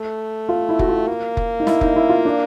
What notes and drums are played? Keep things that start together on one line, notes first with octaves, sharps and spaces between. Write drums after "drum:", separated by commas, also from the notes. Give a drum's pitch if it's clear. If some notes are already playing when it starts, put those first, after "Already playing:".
Already playing: A3
F4
E4
F#4, drum: kick F1
F4
A#3
drum: kick F1
D#4
E4, drum: snare
D#4, drum: kick F1
E4
F4
D4